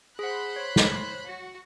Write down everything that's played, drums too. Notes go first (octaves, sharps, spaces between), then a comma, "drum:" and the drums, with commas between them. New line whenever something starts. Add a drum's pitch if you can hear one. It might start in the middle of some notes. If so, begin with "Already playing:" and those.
G#4 C5 F#5 B5 F#6
C#5
drum: snare
F#4